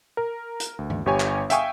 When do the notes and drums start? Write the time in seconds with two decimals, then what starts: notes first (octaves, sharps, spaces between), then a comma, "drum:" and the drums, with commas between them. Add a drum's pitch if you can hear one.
0.17 A#4
0.60 drum: hi-hat
0.79 D2
0.90 drum: tom G2
1.06 G1 G4 C#5 G#5
1.20 drum: clap
1.50 E5 F5 G5 G#5 C#6 D#6, drum: hi-hat